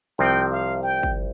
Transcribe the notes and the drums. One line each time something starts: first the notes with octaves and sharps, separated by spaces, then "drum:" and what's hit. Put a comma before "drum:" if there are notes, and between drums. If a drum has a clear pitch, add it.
C2 C3 F3 C4 G5
F5
G5
drum: kick